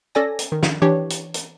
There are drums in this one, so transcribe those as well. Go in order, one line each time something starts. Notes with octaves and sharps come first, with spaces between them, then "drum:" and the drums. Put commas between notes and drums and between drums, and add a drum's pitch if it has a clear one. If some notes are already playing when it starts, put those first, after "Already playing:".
C#4 A4 D5 G#5 A#6
drum: hi-hat
D#3
drum: snare
E3 D4 G4 C#5
drum: hi-hat
drum: hi-hat